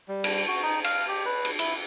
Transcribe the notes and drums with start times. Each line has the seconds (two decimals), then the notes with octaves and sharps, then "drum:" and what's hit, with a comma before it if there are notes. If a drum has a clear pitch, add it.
0.08 G3
0.24 drum: cymbal
0.47 F#4
0.63 D#4
0.84 F5, drum: cymbal
1.08 G4
1.26 B4
1.45 drum: cymbal
1.59 E4, drum: cymbal